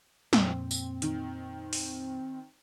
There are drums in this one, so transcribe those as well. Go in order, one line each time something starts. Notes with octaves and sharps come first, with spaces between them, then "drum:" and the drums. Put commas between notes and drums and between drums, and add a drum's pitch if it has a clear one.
F2 A#2 C4, drum: snare
drum: tambourine
D#3, drum: hi-hat
drum: open hi-hat